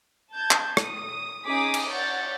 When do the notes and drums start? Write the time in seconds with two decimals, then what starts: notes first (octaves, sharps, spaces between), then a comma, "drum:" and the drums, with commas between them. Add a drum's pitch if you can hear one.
0.32 A5 G6 G#6
0.51 drum: clap
0.77 D#6, drum: rim click
1.47 C#4 D#4 G#4 D6 D#6 B6
1.74 drum: cymbal
1.88 C#5 D5 F#5 G6 A6